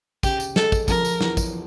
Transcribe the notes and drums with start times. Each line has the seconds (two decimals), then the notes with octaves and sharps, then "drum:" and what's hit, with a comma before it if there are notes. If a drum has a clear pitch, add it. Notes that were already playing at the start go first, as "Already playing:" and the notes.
0.23 C#3 G4, drum: kick, tambourine
0.40 drum: tambourine
0.56 G#3 A4, drum: snare
0.72 drum: kick, tambourine
0.88 F3 A#4, drum: kick, tambourine
1.05 drum: tambourine
1.21 E2, drum: snare
1.37 drum: kick, tambourine